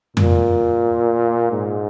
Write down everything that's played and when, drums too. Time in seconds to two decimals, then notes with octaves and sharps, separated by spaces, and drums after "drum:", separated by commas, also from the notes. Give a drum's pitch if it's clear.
0.17 A#2, drum: tom F2
1.52 G#2